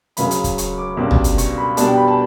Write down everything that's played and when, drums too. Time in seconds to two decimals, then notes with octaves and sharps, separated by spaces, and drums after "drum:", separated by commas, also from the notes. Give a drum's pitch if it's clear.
0.17 C#2 C#3 F#3 C#4 B5, drum: hi-hat
0.31 drum: hi-hat
0.44 drum: kick, hi-hat
0.58 C#6, drum: hi-hat
0.78 D6
0.97 C#2 B2 G3 D4 D6
1.11 drum: tom
1.24 drum: hi-hat
1.38 C#6, drum: hi-hat
1.58 B5
1.77 B2 G3 B3 D4 A5, drum: hi-hat
1.88 G5
1.98 B5
2.08 A5